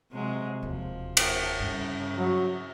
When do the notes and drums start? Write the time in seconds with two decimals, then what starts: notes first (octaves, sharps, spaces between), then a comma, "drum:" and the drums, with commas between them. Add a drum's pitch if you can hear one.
0.11 C3 F#3 G#3
0.63 E1 D#2 F3
1.17 drum: cymbal
1.60 G2 C#3
2.17 F#3